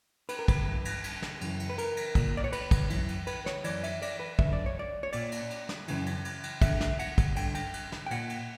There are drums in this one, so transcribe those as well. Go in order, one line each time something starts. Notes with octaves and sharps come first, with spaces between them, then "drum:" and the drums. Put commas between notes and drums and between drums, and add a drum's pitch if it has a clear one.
B4, drum: cymbal
A#4
B4, drum: kick, cymbal
G2 E3
drum: cymbal
drum: cymbal
drum: snare
F#2 C#3 E3, drum: cymbal
drum: cymbal
B4
A#4, drum: cymbal
drum: cymbal
A#2, drum: kick, cymbal
D5
C#5
B4, drum: cymbal
drum: kick, cymbal
F#2 E3, drum: cymbal
drum: cymbal
B4, drum: cymbal
C#5, drum: snare
F#2 E3 D5, drum: cymbal
E5, drum: cymbal
D5, drum: cymbal
B4
F#2 D3 E5, drum: kick
D5
C#5
D5
C#5
A#2 D5, drum: cymbal
drum: cymbal
drum: cymbal
drum: snare
F#2 C#3 E3, drum: cymbal
drum: cymbal
drum: cymbal
drum: cymbal
E2 D3 E5, drum: kick, cymbal
E5, drum: snare
F#5, drum: cymbal
drum: kick, cymbal
G2 D3 G5, drum: cymbal
G5, drum: cymbal
drum: cymbal
drum: snare
G5
A#2 F#5, drum: cymbal
drum: cymbal